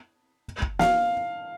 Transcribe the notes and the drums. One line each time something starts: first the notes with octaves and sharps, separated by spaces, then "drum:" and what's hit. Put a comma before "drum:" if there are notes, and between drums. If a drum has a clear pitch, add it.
drum: kick
F5, drum: snare